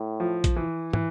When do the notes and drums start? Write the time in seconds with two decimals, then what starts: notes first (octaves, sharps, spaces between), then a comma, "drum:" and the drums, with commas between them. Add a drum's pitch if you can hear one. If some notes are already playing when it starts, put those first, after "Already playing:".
Already playing: A2
0.20 F3
0.44 drum: kick A#1, hi-hat
0.56 E3
0.93 E3, drum: tom